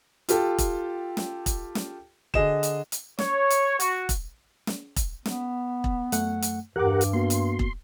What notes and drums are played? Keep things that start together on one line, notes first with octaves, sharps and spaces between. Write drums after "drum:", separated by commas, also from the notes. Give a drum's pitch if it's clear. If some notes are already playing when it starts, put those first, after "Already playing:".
F4 G4 A4, drum: hi-hat
drum: kick E1, hi-hat
drum: snare
drum: kick E1, hi-hat
drum: snare
D3 G#4 D#5 E7, drum: kick E1
drum: hi-hat
drum: hi-hat
C#5, drum: snare
drum: hi-hat
F#4, drum: hi-hat
drum: kick E1, hi-hat
drum: snare
drum: kick E1, hi-hat
B3, drum: snare
drum: kick E1
F#2 A3 F#5, drum: hi-hat
drum: hi-hat
E2 G2 G4 A#4 F#5 D6
drum: hi-hat
A#3 B3 F#4 C6
drum: hi-hat
drum: kick E1